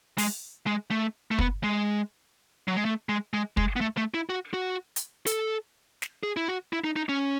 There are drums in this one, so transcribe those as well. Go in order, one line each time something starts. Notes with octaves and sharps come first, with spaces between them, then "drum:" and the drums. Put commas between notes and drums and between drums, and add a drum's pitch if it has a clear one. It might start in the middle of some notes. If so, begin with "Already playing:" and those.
G#3, drum: open hi-hat
G#3
A3
A3
B3, drum: kick
G#3
F#3
G#3
A3
G#3
G#3
G#3, drum: kick
B3
A3
A3
E4
F#4
F#4
drum: hi-hat
A4, drum: hi-hat
drum: snare
G#4
E4
F#4
E4
D#4
D#4
C#4